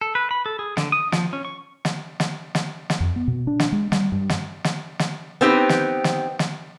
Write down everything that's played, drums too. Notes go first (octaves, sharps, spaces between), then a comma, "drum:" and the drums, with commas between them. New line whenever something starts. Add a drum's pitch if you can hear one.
A4
B4
B5
A4
G#4
D3, drum: snare
D#6
F3, drum: snare
C#4
C#6
drum: snare
drum: snare
drum: snare
drum: snare
F2
B3
B2
D4
drum: snare
G#3
G3, drum: snare
G2
drum: snare
drum: snare
drum: snare
B3 C4 D#4 G4
drum: snare
drum: snare
drum: snare